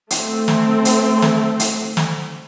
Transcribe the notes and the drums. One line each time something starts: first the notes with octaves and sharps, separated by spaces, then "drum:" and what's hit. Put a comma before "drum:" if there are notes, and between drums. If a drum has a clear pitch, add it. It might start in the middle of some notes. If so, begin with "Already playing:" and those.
A3 C4, drum: hi-hat
drum: snare
drum: hi-hat
drum: snare
drum: hi-hat
drum: snare